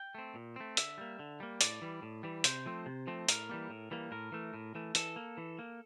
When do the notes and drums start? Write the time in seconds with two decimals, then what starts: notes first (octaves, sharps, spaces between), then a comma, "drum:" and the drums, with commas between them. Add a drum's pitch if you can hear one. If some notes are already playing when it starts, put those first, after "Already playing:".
Already playing: G5
0.15 A3 C4
0.35 A#2
0.56 A3 C4
0.77 D3 E5, drum: hi-hat
0.98 G3 A#3
1.19 D3
1.40 G3 A#3
1.61 A2 D5, drum: hi-hat
1.82 E3 G3
2.02 A2
2.23 E3 G3
2.44 C3 C5, drum: hi-hat
2.66 F3 A3 C4
2.86 C3
3.07 F3 A3 C4
3.29 A2 A#4, drum: hi-hat
3.49 E3 G3 A#3
3.70 A2
3.91 E3 G3 A#3
4.12 A2 A#4
4.32 E3 A3
4.54 A2
4.75 E3 A3
4.95 E3 A4, drum: hi-hat
5.16 A#3
5.37 E3
5.59 A#3